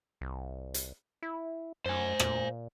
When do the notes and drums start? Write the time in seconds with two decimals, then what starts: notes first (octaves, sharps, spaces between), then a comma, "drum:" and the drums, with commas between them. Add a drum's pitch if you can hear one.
0.21 C2
0.74 drum: hi-hat
1.23 E4
1.86 F#2 C5 G#5
2.20 A#2, drum: rim click